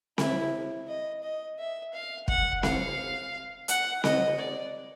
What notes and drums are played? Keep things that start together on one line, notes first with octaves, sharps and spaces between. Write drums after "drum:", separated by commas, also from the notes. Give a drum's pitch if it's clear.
E4, drum: snare C4
D#5
D#5
E5
F5
F#5, drum: kick
F5, drum: snare C4
F#5, drum: hi-hat
D#5, drum: snare C4
D5